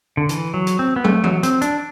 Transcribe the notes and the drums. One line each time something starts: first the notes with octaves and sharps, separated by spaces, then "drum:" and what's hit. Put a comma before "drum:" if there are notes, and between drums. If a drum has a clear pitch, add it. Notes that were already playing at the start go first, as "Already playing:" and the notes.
D3
E3, drum: hi-hat
F#3
drum: hi-hat
C4
B3
A3, drum: tom
F#3, drum: tom E3
C4, drum: hi-hat
D4, drum: hi-hat